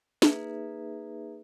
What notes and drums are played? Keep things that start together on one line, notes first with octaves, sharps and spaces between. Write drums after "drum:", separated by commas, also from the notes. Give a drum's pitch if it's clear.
A#3 D#4 G#4 B4 E5, drum: snare